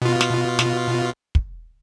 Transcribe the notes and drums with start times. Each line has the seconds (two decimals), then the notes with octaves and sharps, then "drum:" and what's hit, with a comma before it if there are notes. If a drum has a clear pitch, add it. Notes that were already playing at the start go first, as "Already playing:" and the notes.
0.02 B2 F4
0.21 drum: snare
0.59 drum: snare
1.35 drum: kick